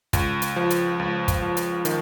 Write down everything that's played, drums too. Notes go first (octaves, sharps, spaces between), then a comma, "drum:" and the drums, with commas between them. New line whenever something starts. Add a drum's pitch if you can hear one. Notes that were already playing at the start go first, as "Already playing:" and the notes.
C#2, drum: kick, hi-hat
drum: hi-hat
F3
drum: hi-hat
C#2
drum: kick, hi-hat
F3
drum: hi-hat
D#3, drum: hi-hat